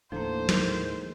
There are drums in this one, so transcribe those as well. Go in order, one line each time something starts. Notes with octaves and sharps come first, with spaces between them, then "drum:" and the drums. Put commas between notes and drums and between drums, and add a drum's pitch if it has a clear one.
D#2 A2 D3 F3 A#3 C5
G#2 A#4, drum: snare